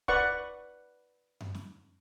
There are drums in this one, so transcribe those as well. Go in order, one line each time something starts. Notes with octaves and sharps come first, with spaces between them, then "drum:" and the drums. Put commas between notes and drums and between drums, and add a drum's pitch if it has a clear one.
B4 D5 F#5 C#6, drum: kick
drum: tom F#2
drum: snare